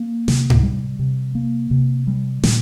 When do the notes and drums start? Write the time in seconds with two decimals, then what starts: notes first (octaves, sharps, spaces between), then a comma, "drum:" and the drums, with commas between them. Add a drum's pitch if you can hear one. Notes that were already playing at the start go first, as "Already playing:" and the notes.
Already playing: A#3
0.28 C3, drum: snare
0.50 drum: tom G#2
0.63 G3
0.99 C3
1.35 A#3
1.71 C3
2.07 G3
2.43 A#2, drum: snare